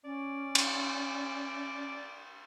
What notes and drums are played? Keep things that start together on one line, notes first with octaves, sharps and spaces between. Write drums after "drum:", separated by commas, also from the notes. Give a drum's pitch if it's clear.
C#4 D5
drum: cymbal